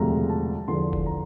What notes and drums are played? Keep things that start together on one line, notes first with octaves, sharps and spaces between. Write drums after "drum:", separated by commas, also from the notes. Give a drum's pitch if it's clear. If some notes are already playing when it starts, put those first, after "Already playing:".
Already playing: E1 D2 C3 F3 A#5
A5
E2 D3 F3 C6
drum: kick F1
A#5